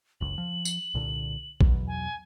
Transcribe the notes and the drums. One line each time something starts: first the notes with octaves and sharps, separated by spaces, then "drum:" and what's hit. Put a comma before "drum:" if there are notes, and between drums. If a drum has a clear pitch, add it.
F#1 C#2 F#7
F3
drum: tambourine
C2 A#2 D3
E2 B2 F#3, drum: kick A#1
G#5